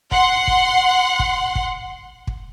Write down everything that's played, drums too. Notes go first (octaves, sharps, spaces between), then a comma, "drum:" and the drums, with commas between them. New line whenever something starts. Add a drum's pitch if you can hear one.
F#5 C6, drum: kick
drum: kick
drum: kick
drum: kick
drum: kick